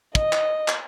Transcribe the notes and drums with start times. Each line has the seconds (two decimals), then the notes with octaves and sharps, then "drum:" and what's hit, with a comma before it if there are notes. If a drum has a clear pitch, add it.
0.15 D#5, drum: kick
0.33 drum: clap
0.68 drum: clap